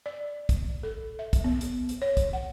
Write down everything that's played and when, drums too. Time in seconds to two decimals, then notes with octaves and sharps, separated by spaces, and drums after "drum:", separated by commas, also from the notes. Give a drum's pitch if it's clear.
0.06 D5
0.49 drum: kick, hi-hat
0.83 A4
1.19 E5
1.33 drum: kick, hi-hat
1.44 B3
1.61 drum: hi-hat
1.89 drum: hi-hat
2.02 C#5
2.17 drum: kick, hi-hat
2.33 F#5